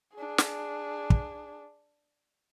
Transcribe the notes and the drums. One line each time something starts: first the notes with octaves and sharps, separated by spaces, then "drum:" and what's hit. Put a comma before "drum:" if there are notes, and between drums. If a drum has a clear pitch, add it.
D4 G#4
drum: snare
drum: kick